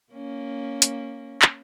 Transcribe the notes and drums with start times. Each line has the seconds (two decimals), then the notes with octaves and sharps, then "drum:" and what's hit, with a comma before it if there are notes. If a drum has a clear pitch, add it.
0.13 A#3 C#4
0.82 drum: hi-hat
1.42 drum: clap